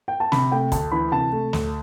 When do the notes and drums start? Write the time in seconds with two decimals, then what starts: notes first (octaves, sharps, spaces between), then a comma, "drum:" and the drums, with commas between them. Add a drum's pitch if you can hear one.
0.08 G5
0.20 A5
0.32 C3 B5, drum: snare
0.52 A3 G5
0.72 D2 A5, drum: kick, hi-hat
0.92 E3 B5
1.12 C3 A5
1.32 A3
1.53 D2, drum: snare